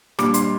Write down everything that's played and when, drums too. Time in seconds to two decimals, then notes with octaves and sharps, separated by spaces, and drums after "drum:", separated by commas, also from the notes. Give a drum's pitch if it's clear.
0.19 A#2 G3 D4 D6, drum: rim click
0.34 C6, drum: hi-hat